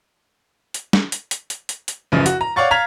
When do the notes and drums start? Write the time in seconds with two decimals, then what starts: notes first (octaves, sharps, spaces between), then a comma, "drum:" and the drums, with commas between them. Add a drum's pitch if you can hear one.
0.74 drum: hi-hat
0.93 drum: snare
1.12 drum: hi-hat
1.31 drum: hi-hat
1.50 drum: hi-hat
1.69 drum: hi-hat
1.88 drum: hi-hat
2.12 A1 F#2 C#3 F3
2.26 F#4, drum: hi-hat
2.41 A#5
2.56 C#5 D5 F5 F#5 C#6 A6
2.71 F5 A#5 F6 G#6 B6 F7